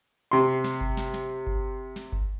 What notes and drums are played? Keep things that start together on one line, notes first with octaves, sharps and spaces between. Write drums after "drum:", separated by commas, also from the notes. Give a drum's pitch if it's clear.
C3 C6
drum: snare
drum: kick G1
drum: snare
drum: snare
drum: kick G1
drum: snare
drum: kick G1